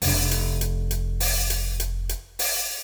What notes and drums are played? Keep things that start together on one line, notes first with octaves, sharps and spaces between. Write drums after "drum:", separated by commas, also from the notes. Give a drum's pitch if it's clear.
F1 D4, drum: open hi-hat
drum: hi-hat
drum: hi-hat
drum: hi-hat
drum: open hi-hat
drum: hi-hat
drum: hi-hat
drum: hi-hat
drum: open hi-hat